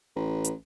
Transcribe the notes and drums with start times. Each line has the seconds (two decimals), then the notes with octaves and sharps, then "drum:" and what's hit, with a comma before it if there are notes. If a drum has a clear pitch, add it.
0.16 A1
0.44 drum: hi-hat